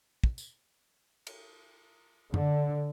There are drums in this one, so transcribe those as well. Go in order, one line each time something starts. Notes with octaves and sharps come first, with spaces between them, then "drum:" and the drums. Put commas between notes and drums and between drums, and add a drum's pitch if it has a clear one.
drum: kick
drum: tambourine
drum: cymbal
D3, drum: tom